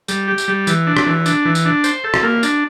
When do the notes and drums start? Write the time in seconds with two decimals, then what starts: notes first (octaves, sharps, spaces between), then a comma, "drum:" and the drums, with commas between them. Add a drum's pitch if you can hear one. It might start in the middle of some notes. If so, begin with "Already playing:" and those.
0.08 G3, drum: tambourine
0.28 G4
0.38 drum: tambourine
0.48 G3
0.67 E3, drum: tambourine
0.87 D4
0.97 drum: rim click
1.06 E3
1.26 D4, drum: tambourine
1.45 E3
1.55 drum: tambourine
1.65 D4
1.84 C5, drum: tambourine
2.04 A4
2.14 drum: rim click
2.23 A#3
2.43 D4, drum: tambourine